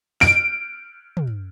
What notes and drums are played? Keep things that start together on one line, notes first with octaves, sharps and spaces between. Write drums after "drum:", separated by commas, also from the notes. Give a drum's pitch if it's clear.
D7, drum: snare
drum: tom